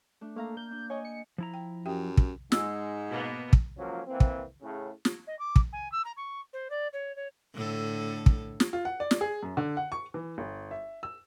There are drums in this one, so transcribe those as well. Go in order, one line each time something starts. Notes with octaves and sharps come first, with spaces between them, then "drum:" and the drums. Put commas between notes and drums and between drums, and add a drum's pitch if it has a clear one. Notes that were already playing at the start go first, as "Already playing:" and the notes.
A3 D4
A3 A#3 F5 A#5
G6
D4
C#5 D#5 G5 G#5
C#7
F3 E4 A#5
G5
F#2 G4 E5 G5
drum: kick
G#2 G#3 E6, drum: snare
B2 A#3 B3
drum: kick
C#2 F3 F#3 A#3 C#4
E3 A#3 C4
drum: kick
A2 C#3
drum: snare
D#5
D6
drum: kick
G#5
E6
A#5
C#6
C5
D5
C#5
C#5
A2 D3 A4
drum: kick
drum: snare
F4
F#5
D5
drum: snare
G#4
F#2
D3
F#5
C#6
E3
G1
E5
E6